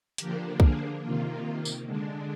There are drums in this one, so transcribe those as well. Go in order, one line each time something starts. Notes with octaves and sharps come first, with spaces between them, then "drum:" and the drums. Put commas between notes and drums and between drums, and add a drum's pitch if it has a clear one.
D3 F3 A#3 D4 G4 A#4, drum: hi-hat
F4 G#4, drum: kick
C3 D#3 A#3 F4
drum: tambourine
D3 G#3 D4